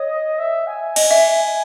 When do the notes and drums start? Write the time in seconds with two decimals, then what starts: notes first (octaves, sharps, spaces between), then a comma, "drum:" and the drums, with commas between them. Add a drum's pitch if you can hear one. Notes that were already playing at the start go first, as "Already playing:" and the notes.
Already playing: C#5 D#5
0.39 E5
0.67 G#5
0.96 D#5 G#5, drum: cymbal
1.11 E5